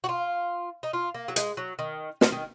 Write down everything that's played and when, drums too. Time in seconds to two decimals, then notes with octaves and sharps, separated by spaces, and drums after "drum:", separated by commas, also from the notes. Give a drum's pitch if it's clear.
0.04 F#4
0.09 F4
0.83 D#4
0.93 F4
1.15 A#3
1.28 F#3
1.36 G#3, drum: hi-hat
1.57 F#3
1.79 D#3
2.21 F3, drum: snare
2.32 D#3